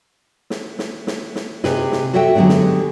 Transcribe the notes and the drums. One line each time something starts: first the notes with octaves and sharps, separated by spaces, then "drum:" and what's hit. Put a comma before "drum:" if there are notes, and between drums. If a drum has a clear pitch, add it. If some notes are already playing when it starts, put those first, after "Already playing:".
drum: snare
drum: snare
drum: snare
drum: snare
C3 G4 G#4 B4 D#5, drum: snare
drum: snare
F#4 A4 C#5 E5 F#5 G5
D3 F#3 G#3 B3 D4 G4
drum: snare